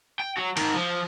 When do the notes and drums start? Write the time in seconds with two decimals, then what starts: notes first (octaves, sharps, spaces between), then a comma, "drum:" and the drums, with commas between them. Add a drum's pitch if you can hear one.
0.19 G5
0.37 F#3 F#4
0.57 G#2 D#3, drum: cymbal
0.75 F3